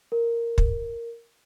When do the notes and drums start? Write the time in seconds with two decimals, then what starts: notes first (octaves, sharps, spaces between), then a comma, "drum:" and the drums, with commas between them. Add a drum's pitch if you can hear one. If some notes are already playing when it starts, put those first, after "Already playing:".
0.12 A#4
0.58 drum: kick